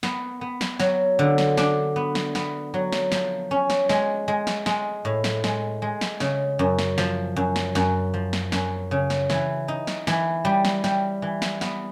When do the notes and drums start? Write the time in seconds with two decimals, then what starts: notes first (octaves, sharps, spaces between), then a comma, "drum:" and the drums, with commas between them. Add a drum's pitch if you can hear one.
0.03 B3, drum: snare
0.41 B3
0.61 drum: snare
0.80 F#3, drum: snare
1.19 D3
1.38 drum: snare
1.57 D4, drum: snare
1.96 B3
2.15 drum: snare
2.35 B3, drum: snare
2.74 F#3
2.92 drum: snare
3.12 F3, drum: snare
3.51 C#4
3.70 drum: snare
3.89 G#3, drum: snare
4.28 G#3
4.47 drum: snare
4.66 G#3, drum: snare
5.05 A2
5.24 drum: snare
5.44 G#3, drum: snare
5.82 G#3
6.01 drum: snare
6.20 C#3, drum: snare
6.59 F#2
6.79 drum: snare
6.98 F3, drum: snare
7.36 F#2
7.56 drum: snare
7.75 F#2, drum: snare
8.14 F3
8.33 drum: snare
8.52 F#2, drum: snare
8.91 C#3
9.10 drum: snare
9.30 E3, drum: snare
9.68 D#4
9.87 drum: snare
10.07 E3, drum: snare
10.45 G3
10.65 drum: snare
10.84 G3, drum: snare
11.22 E3
11.42 drum: snare
11.61 B3, drum: snare